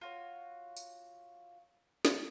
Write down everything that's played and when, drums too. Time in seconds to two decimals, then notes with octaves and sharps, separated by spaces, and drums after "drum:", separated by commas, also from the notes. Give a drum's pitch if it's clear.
0.01 F4 F#4 C#5
0.77 drum: tambourine
2.05 drum: snare